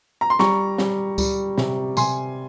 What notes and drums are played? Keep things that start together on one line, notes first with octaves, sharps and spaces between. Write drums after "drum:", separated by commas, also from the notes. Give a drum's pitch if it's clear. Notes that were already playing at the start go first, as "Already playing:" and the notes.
A#5
C6
G3 A#5 C#6, drum: snare
G3, drum: snare
G3, drum: kick C#2, tambourine
C3, drum: snare
C3 G#5 C6, drum: tambourine